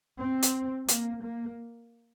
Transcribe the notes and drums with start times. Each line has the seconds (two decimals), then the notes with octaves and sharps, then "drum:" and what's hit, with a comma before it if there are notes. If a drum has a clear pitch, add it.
0.19 C4
0.43 drum: hi-hat
0.89 A#3, drum: hi-hat
1.24 A#3